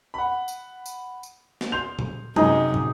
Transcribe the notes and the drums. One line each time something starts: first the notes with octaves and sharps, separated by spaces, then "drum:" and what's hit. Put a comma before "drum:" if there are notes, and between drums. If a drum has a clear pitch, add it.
F#5 B5
drum: tambourine
drum: tambourine
drum: tambourine
drum: snare
C6 G6 F7
drum: tom A#2
F#2 C3 D#4 G#4, drum: tom
drum: tom